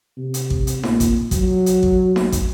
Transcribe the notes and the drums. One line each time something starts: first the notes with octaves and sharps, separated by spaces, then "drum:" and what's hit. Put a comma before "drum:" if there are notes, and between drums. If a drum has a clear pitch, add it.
C3
drum: hi-hat
drum: kick
drum: hi-hat
A#2, drum: snare D#4
drum: kick, hi-hat
F#3, drum: kick, hi-hat
drum: hi-hat
drum: kick
drum: snare D#4
drum: kick, hi-hat